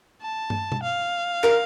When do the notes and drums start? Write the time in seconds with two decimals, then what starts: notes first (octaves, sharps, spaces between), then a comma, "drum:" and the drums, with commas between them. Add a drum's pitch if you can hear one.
0.22 A5
0.50 drum: tom
0.72 drum: tom B2
0.83 F5
1.44 A#4, drum: clap